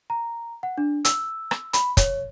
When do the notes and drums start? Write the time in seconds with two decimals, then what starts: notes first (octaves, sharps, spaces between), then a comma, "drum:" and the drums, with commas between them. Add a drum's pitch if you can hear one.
0.10 A#5
0.63 F#5
0.78 D4
1.05 E6, drum: hi-hat
1.51 drum: rim click
1.73 B5, drum: hi-hat
1.97 C#5, drum: kick, hi-hat